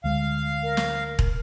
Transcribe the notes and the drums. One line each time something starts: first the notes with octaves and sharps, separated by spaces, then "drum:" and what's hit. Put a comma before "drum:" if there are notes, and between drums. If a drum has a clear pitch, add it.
D2 G#3 F5
A#4
drum: snare
drum: kick E1